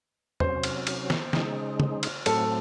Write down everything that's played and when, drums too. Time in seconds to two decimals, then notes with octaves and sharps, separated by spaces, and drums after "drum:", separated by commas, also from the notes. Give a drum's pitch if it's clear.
0.40 C3 F#3 C#4 C5, drum: tom E2
0.63 drum: cymbal
0.87 drum: cymbal
1.10 drum: snare
1.33 C#3 G#3 D#4, drum: snare
1.80 drum: tom C#3
2.03 drum: cymbal
2.26 A2 F#3 A3 C4 A4, drum: cymbal